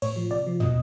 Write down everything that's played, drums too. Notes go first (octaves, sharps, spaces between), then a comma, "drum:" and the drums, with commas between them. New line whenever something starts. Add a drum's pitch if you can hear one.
A2 C#5, drum: cymbal
F3
C3 D5
F3
B2 D#5, drum: tom